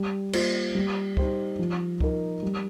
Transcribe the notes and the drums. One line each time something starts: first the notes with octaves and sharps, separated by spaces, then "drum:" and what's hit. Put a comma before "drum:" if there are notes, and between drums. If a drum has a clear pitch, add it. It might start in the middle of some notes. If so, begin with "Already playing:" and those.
Already playing: G3
A#3 F4 C5, drum: cymbal
G3
D#4 G4 C5, drum: kick
F3
D#4 A#4, drum: kick
G3